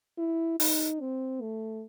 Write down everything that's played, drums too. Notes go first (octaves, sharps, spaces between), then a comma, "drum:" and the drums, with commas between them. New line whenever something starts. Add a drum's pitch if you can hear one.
E4
D#4, drum: open hi-hat
C4
A3